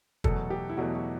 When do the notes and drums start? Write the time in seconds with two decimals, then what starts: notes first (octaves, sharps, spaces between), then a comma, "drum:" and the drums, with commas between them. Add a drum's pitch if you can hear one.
0.24 E2 B2 F#3 A3 A4, drum: kick
0.50 G4
0.69 E4
0.77 E2 B2 F#3 A3 F#4
0.95 F#4